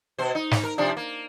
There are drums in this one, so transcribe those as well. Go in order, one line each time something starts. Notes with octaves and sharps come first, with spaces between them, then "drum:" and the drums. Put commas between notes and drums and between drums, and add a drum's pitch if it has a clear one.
B2 C5
D#4
drum: snare
A#4
C3 F3 D4
A#3